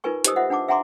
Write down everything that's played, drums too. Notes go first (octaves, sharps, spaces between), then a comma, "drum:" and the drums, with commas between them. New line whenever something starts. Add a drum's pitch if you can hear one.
D#4 F4 A#4 B4 G#5 C#6
D#4 G4 C5 D#5 D#6 E6, drum: hi-hat
F4 C5 D#5 E5 F#5
D4 F#5 A5 D6
E5 F#5 G#5 A#5 C6 D6